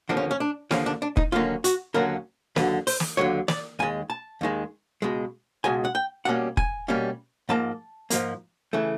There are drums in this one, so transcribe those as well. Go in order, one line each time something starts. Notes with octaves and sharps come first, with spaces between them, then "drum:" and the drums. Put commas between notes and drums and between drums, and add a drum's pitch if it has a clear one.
D#2 D3 F3 A#3 D4
C#4
C#4
D4
D#2 D3 F3 A#3 C#4, drum: snare
D4
D4
D#4, drum: kick F1
D#2 D3 F#3 A#3 C#4 F4
F#4, drum: hi-hat
D#2 D3 F#3 A#3 C#4 A#4
D#2 D3 F#3 B4, drum: snare
C5, drum: open hi-hat
drum: snare
D#2 D3 F#3 C#5
D5, drum: snare
D#2 D#3 G#3 G#5
A5
D#2 D#3 G#3
C#2 B2 G#3
C#2 B2 G#3 G#5
F#5
G5
B2 G3 A#3 C#4 F#5
G#5, drum: kick F1
B2 G3 A#3 C#4
G#2 F3 A#3 A5
G#2 F3 A#3, drum: hi-hat
C#3 E3 A3